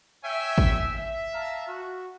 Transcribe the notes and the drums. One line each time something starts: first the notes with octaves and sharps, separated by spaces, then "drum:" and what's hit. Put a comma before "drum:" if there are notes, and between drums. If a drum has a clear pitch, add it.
C#5 E5 G5 G#5
drum: kick G#1
E5
F5 A5 A#5
F#4